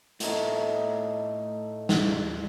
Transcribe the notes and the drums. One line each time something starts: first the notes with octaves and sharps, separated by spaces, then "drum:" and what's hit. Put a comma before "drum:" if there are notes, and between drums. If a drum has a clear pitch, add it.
A2 A3 D#4, drum: hi-hat
drum: snare